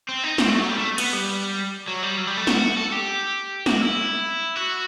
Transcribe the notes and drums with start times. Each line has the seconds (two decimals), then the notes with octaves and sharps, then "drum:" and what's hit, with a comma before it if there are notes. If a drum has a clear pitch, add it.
0.09 C4
0.24 D#4
0.38 C4, drum: snare
0.48 A3
0.59 F#3
0.69 G3
0.78 A3
0.98 B3, drum: cymbal
1.13 G3
1.88 F#3
2.03 G3
2.17 F#3
2.27 G3
2.37 A3
2.47 F#4, drum: snare
2.77 A4
2.92 G4
3.66 F#4, drum: snare
3.82 E4
4.56 F#4